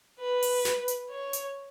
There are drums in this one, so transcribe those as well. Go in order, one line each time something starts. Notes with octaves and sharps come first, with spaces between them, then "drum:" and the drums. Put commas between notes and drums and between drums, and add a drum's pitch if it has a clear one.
B4
drum: open hi-hat
drum: snare
drum: hi-hat
C#5
drum: hi-hat